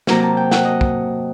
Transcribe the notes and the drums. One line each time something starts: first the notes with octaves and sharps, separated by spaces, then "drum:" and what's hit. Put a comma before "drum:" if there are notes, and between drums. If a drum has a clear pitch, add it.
C3 F#3 A#3 A#5, drum: snare
A5
G5
F#5, drum: snare
D#5
drum: kick